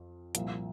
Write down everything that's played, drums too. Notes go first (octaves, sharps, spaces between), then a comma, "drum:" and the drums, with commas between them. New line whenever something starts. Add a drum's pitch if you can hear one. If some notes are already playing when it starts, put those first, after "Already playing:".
Already playing: F2
C2 A#2 F3, drum: hi-hat